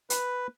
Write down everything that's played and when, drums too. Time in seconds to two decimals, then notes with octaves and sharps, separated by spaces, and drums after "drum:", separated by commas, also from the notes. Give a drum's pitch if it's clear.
0.10 B4, drum: hi-hat